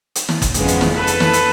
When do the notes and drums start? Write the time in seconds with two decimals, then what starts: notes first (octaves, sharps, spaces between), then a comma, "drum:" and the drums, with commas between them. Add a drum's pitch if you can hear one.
0.15 drum: hi-hat
0.29 drum: snare
0.42 drum: kick, hi-hat
0.54 F2 C#3 F3 G#3 B3, drum: hi-hat
0.68 drum: hi-hat
0.81 drum: snare
0.94 A4 B4
1.07 drum: hi-hat
1.20 drum: snare
1.33 drum: hi-hat